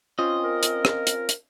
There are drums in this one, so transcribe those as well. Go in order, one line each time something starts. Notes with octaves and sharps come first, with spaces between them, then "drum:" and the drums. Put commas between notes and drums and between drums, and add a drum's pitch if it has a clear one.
C4 C#4 F4 D#5
A#4
drum: hi-hat
drum: rim click
drum: hi-hat
drum: hi-hat